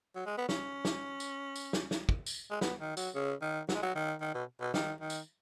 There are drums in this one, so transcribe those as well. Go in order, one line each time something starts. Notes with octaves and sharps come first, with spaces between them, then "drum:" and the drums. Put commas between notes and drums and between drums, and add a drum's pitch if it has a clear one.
F#3
G#3
B3
C#4, drum: snare
drum: snare
drum: tambourine
drum: tambourine
drum: snare
drum: snare
drum: kick
drum: tambourine
G#3
B3, drum: snare
D#3
F#3, drum: tambourine
C#3
D#3
F#3, drum: snare
G#3
F#3
D#3
D#3
B2
B2
D#3, drum: snare
D#3
drum: tambourine